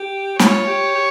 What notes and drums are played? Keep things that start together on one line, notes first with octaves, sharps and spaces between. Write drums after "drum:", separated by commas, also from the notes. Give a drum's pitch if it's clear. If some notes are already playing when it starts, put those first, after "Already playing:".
Already playing: G4
F4 C#5, drum: snare
G4
G4